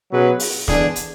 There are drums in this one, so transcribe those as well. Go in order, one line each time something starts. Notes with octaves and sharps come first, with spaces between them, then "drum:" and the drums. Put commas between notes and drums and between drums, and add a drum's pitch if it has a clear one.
B2 F#3 C#4 G#4 B4
drum: open hi-hat
E2 D3 G#3 D4 G#4, drum: snare
drum: hi-hat